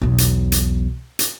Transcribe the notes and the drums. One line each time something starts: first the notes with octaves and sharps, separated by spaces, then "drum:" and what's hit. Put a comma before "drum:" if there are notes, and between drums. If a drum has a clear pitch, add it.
B1 E2
drum: hi-hat
drum: hi-hat
drum: hi-hat